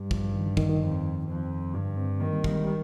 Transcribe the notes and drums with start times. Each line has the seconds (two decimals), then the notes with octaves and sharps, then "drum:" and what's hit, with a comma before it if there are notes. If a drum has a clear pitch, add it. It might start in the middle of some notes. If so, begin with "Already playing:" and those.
Already playing: G2 G3
0.11 F3, drum: kick
0.34 D#3
0.46 D3
0.57 D#3, drum: kick
0.70 D#3
0.80 F2
1.27 F2
1.73 G2 D3
1.97 C4
2.20 D#3 A#3
2.33 G3
2.44 G3, drum: kick
2.55 G#3
2.65 G3